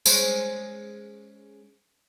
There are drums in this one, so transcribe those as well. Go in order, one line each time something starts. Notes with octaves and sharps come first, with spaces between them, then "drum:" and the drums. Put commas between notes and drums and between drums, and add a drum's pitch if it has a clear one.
G#3 C#4 C5, drum: tambourine